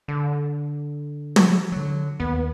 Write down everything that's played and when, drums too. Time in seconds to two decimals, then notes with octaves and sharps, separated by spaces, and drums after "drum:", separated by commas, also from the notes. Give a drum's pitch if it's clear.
0.08 D3
1.36 drum: tom
1.72 D3 F#3
2.20 D#2 B3